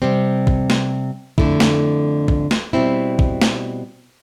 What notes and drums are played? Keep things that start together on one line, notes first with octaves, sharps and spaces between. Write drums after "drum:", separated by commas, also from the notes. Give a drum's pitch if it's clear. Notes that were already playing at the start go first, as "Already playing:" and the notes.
C3 G3 C4
drum: kick
drum: snare
F2 D3 A3 E4, drum: kick
drum: snare
drum: kick
drum: snare
B2 G3 C4 E4
drum: kick
drum: snare